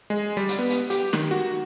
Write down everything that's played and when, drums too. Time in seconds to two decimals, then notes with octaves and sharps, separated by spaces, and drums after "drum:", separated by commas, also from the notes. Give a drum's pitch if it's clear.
0.10 G#3
0.37 G3
0.49 drum: hi-hat
0.59 B3
0.70 drum: hi-hat
0.90 G4, drum: hi-hat
1.13 D#3, drum: snare
1.31 F#4